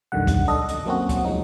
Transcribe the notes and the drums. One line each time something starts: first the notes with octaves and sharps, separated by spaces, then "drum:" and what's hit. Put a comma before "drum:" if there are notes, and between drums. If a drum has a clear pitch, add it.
B1 F2 D3 D#3 G3 F#5
drum: kick, hi-hat
D4 A4 D#5
drum: hi-hat
F#3 A#3 C4 C#4 F#4
drum: kick, hi-hat
F3 G#3 C#4 D#4